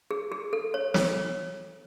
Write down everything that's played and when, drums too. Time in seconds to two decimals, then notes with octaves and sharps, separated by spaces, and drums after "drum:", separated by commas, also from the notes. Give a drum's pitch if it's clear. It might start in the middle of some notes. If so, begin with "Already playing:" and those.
0.11 G#4
0.32 G#4
0.53 A4
0.74 C#5
0.94 C#5, drum: snare